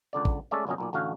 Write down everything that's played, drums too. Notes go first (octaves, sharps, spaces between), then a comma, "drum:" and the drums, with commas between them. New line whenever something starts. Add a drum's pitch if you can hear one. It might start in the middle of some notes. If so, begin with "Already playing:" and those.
C#2 D3 D5
drum: kick
G#3 A3 C#4 D5 E5
G1 A#2 F#3 C#4 D#5
B1 A#2 D5
A1 D3 F#4 F5